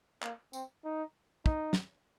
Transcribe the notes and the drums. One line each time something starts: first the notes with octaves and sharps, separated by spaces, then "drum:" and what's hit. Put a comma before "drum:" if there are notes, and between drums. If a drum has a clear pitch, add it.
A#3, drum: clap
C4, drum: tambourine
D#4
D#4, drum: kick
drum: snare